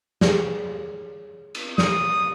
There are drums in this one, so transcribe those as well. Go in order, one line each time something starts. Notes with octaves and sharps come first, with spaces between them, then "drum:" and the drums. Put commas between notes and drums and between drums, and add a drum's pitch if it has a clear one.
G4 G#4 C#5, drum: snare
drum: cymbal
D#6, drum: snare